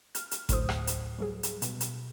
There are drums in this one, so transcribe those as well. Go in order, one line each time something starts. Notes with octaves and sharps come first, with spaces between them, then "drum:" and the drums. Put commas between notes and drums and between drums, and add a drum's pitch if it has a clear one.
F6, drum: hi-hat
drum: hi-hat
D2 A2 F#3 C5 D#6, drum: kick G#1, hi-hat
drum: rim click
drum: hi-hat
F#3 G3 G#4
drum: hi-hat
B2, drum: hi-hat
drum: hi-hat